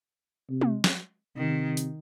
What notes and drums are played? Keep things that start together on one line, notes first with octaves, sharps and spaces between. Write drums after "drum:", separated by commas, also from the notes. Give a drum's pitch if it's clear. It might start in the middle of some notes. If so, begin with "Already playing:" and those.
C3
drum: tom G#3
drum: snare
C3 D#3
drum: hi-hat